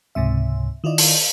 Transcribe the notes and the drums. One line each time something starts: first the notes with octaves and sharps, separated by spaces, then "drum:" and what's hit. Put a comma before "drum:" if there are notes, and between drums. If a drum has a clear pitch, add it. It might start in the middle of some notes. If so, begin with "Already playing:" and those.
C#2 G#2 C3 E5
D#3 E4 F4 D5 D#5
drum: open hi-hat